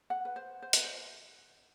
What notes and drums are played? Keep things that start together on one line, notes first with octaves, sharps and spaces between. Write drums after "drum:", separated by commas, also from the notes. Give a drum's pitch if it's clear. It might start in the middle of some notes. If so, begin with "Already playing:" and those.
F#5
B4
C5
C5
B4, drum: hi-hat
C5